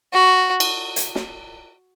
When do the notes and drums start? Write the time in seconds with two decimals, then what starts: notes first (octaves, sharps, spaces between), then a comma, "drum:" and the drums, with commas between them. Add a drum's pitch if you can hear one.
0.13 F#4
0.60 drum: cymbal
0.96 drum: hi-hat
1.15 drum: snare